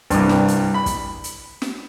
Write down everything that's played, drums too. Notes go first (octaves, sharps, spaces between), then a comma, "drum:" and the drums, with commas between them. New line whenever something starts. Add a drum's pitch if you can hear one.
C2 G2, drum: kick, hi-hat
drum: snare
drum: hi-hat
B5
drum: kick, hi-hat
drum: hi-hat
drum: snare